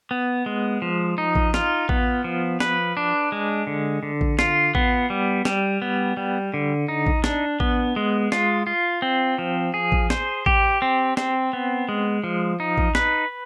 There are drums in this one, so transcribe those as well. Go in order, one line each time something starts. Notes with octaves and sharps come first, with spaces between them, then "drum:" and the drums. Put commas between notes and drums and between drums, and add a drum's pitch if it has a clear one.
B3
G#3
F3
D#4
drum: kick A1
F4, drum: snare
B3, drum: kick A1
F3
B4, drum: snare
D4
G#3
D3
D3
drum: kick A1
F4, drum: snare
B3, drum: kick A1
G3
G3, drum: snare
B3
G3
D3
D#4
drum: kick A1
D4, drum: snare
B3, drum: kick A1
G#3
F4, drum: snare
F4
C4
F3
G#4
drum: kick A1
C5, drum: snare
G4, drum: kick A1
C4
C4, drum: snare
B3
G#3
F3
D#4
drum: kick A1
B4, drum: snare